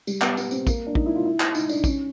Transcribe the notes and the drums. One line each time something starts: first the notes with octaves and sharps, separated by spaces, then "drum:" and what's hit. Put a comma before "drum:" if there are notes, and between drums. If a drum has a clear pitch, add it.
G3, drum: tambourine
B3, drum: clap
B3, drum: tambourine
C4, drum: tambourine
A#3, drum: kick, tambourine
D4
D#4, drum: kick
E4
F4
E4
drum: clap
D#4, drum: tambourine
D4, drum: tambourine
C#4, drum: kick, tambourine